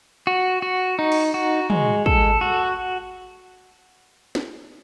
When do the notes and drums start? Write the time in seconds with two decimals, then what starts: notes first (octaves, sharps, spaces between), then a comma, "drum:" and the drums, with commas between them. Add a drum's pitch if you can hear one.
0.27 F#4
0.62 F#4
0.99 D#4
1.12 drum: cymbal
1.34 F#4
1.70 G#3, drum: tom
2.06 A4, drum: kick
2.41 F#4
4.35 drum: snare